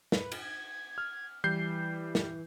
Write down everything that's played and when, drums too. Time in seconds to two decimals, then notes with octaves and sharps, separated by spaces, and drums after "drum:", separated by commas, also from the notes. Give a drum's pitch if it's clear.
0.12 B4, drum: snare
0.32 drum: cymbal
0.42 G#6
0.98 F6
1.44 E3 G3 G6 C7
2.15 drum: snare